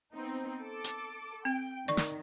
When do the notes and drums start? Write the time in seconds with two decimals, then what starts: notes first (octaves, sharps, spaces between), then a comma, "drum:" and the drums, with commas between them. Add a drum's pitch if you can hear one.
0.13 B3 C4 D#4
0.62 A4 D6
0.84 drum: hi-hat
1.45 C4 G5
1.88 D#3 D5 C#6
1.97 drum: snare